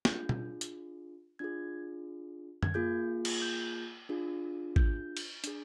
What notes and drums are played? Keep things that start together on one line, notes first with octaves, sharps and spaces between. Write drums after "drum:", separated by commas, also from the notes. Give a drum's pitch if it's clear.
D4 F4 G#4 G6, drum: snare
drum: tom B2
drum: hi-hat
D4 F4 G#4 G#6
G#6, drum: tom F#2
A#3 F4 G#4 G6
drum: cymbal
G6
D4 F4 G#4
G6, drum: kick
drum: cymbal
D4 G#4, drum: hi-hat